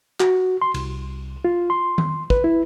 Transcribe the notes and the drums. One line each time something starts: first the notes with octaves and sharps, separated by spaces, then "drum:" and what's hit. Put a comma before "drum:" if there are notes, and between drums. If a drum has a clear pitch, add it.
F#4, drum: clap
C6
C2, drum: cymbal
F4
C6
drum: tom D#3
B4, drum: kick
E4